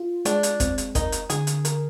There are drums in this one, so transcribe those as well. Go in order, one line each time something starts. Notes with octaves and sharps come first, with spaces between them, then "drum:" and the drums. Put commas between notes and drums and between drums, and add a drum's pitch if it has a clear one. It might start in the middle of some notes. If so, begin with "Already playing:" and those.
Already playing: F4
G#3 D4, drum: hi-hat
drum: hi-hat
C4, drum: kick, hi-hat
drum: hi-hat
D#4 A#4, drum: kick, hi-hat
drum: hi-hat
D3 G#4, drum: hi-hat
drum: hi-hat
A#4, drum: hi-hat